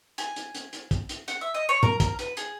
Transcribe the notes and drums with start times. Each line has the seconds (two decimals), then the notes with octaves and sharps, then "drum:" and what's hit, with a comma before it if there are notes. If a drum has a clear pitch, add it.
0.18 G#5, drum: hi-hat
0.36 drum: hi-hat
0.55 drum: hi-hat
0.73 drum: hi-hat
0.91 drum: kick, hi-hat
1.09 drum: hi-hat
1.28 F#5, drum: hi-hat
1.41 E5
1.54 D#5
1.69 C#5
1.83 A#4, drum: tom
2.00 A#4, drum: kick, hi-hat
2.19 B4, drum: hi-hat
2.37 G#4, drum: hi-hat